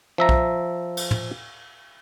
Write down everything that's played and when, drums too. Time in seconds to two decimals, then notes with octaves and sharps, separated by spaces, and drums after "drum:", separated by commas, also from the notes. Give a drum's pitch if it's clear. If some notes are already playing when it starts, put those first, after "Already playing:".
0.18 F3 E5 A#5
0.29 drum: kick B1
0.97 drum: cymbal
1.11 drum: tom